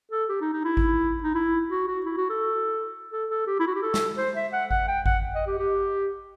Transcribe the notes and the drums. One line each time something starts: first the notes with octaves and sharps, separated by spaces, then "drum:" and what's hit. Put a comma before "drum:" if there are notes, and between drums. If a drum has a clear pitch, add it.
A4
G4
D#4
D#4
E4
drum: kick G#1
D#4
E4
F#4
F#4
E4
F#4
A4
A4
A4
G4
E4
F#4
G4
A4
drum: snare
C5
E5
F#5
F#5, drum: kick G#1
G5
F#5, drum: kick G#1
D#5
G4
G4